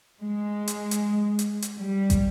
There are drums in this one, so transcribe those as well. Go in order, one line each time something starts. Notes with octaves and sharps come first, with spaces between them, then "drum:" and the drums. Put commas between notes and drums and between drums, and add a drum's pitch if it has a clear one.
G#3
drum: hi-hat
drum: hi-hat
drum: hi-hat
drum: hi-hat
G3
drum: kick, hi-hat